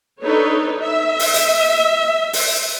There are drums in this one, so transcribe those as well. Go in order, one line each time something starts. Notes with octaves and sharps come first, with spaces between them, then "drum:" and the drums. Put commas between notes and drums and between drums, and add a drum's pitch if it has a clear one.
D4 D#4 A4 B4 C#5
E5
drum: open hi-hat
drum: hi-hat
drum: open hi-hat